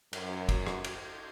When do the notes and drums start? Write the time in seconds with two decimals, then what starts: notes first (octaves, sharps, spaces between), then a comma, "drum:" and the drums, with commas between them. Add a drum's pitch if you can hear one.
0.13 F#2, drum: cymbal
0.49 drum: kick, cymbal
0.66 drum: rim click
0.84 drum: cymbal